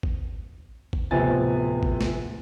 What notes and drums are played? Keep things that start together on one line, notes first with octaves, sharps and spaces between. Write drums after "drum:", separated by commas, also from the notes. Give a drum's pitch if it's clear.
drum: kick
drum: kick
D1 C3 F3 B3 G#5 A6
drum: kick
drum: snare